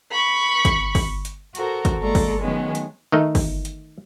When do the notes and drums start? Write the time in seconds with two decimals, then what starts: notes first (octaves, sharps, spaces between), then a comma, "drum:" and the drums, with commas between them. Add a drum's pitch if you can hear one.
0.11 B5 C#6
0.65 drum: kick, hi-hat
0.95 drum: kick, open hi-hat
1.25 drum: hi-hat
1.55 F#4 A4 A#4 C5, drum: hi-hat
1.85 drum: kick, hi-hat
2.00 G#3 A#3 A4 D5 A#5 C#6
2.15 drum: kick, open hi-hat
2.40 D#3 F#3 G#3 A3 B3 C#4
2.75 drum: hi-hat
3.12 D#3 A3 D#4
3.35 drum: kick, open hi-hat
3.65 drum: hi-hat